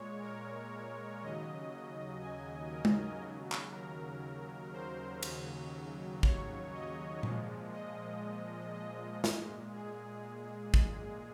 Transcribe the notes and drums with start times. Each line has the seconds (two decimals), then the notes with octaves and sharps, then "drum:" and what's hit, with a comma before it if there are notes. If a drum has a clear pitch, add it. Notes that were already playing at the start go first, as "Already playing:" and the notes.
Already playing: A#2 G#3 C#5
0.21 A#4
1.21 D#2 C#3 F#3 D#5
2.22 G#5
2.72 A#4
2.85 drum: tom G#3
3.22 D#2 C#3 F#3
3.52 drum: clap
3.72 A#4
4.73 C5
5.23 D#2 C#3 F#3, drum: cymbal
6.23 C#5, drum: kick
6.73 D#5
7.23 A#2 F3 G#3, drum: tom A#2
7.73 D#5
8.74 D#5
9.24 A#2 G#3, drum: snare
9.74 G#4
10.74 G#4, drum: kick